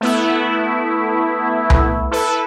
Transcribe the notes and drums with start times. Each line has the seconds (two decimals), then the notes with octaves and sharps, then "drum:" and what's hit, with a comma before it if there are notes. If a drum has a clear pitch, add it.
0.01 A3 B3 E4
1.70 drum: tom C2
2.11 E4 A4 B4